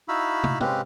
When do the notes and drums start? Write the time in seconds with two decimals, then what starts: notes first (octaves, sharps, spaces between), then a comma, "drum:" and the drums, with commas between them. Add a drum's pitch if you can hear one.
0.08 D#4 E4 F#4 F5 B5 E6
0.44 drum: tom
0.61 G#3 C4 C#4 G4 B4 F5, drum: tom